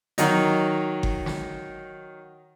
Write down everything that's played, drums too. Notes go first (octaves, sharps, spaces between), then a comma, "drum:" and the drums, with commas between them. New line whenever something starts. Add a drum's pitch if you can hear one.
D#3 F#3 D#4, drum: hi-hat
drum: kick G1
drum: snare